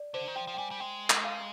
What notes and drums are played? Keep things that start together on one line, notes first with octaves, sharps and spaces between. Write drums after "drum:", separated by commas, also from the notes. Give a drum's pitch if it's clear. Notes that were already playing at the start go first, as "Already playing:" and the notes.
Already playing: D5
D3 C5
D#3
F3 G5
F3
G5
G3 G#5
G3
G#3 G5
drum: clap
F5